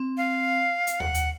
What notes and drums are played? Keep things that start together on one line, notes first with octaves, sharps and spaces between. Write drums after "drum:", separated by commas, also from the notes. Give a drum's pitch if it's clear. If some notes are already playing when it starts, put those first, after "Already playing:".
Already playing: C4
F5
drum: hi-hat
F#5, drum: tom D#2
drum: hi-hat